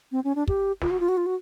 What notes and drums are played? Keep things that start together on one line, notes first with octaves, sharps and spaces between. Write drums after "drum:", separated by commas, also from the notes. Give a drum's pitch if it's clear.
C4
C#4
D4
G4, drum: kick
F4, drum: snare
F#4
F4
F#4
F4
F#4